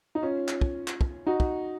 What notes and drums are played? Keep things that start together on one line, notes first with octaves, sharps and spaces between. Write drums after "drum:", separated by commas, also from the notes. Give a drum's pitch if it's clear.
D#4
C#4 F4
drum: clap
drum: kick
drum: clap
drum: kick
D#4 F#4
drum: kick